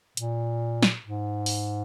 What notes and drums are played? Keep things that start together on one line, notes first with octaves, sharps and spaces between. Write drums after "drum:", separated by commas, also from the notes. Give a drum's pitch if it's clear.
A#2, drum: hi-hat
drum: snare
G#2
drum: open hi-hat